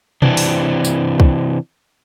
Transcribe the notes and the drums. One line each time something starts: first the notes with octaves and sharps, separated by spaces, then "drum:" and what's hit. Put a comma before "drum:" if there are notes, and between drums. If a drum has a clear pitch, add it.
C3 E3 C4 D4, drum: tom B2
drum: open hi-hat
drum: tambourine
drum: kick